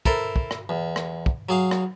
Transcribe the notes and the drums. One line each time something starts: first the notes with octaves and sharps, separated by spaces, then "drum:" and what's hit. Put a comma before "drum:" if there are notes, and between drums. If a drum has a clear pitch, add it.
E4 A4 A#4 C5, drum: kick
drum: kick
drum: rim click
E2
drum: rim click
drum: kick
F#3 G#4 F5
drum: rim click